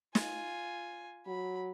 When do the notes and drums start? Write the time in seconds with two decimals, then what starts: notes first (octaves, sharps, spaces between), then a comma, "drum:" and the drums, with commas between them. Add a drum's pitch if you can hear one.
0.15 F4 G#5, drum: snare
1.27 F#3 B5